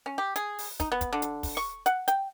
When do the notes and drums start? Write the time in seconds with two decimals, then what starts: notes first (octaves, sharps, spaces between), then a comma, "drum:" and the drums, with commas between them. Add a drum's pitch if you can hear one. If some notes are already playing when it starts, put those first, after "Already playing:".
0.06 C#4
0.18 G4
0.36 G#4, drum: hi-hat
0.59 drum: open hi-hat
0.80 D#4, drum: kick, hi-hat
0.92 B3
1.01 drum: kick, hi-hat
1.13 D3
1.22 drum: hi-hat
1.43 drum: kick, open hi-hat
1.57 C#6
1.86 F#5, drum: hi-hat
2.08 G5, drum: hi-hat